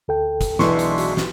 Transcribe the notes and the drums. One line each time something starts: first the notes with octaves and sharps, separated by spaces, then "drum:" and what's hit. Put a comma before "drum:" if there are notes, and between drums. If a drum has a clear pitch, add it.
D2 A4 G5
drum: kick, hi-hat
B1 E3 G#3 D4 E5 C6 C#6, drum: snare
drum: hi-hat
F#4, drum: hi-hat
drum: snare